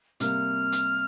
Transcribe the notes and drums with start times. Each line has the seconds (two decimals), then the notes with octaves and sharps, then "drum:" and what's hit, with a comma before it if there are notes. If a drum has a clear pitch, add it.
0.20 C3 G3 A#3 F6, drum: hi-hat
0.72 drum: hi-hat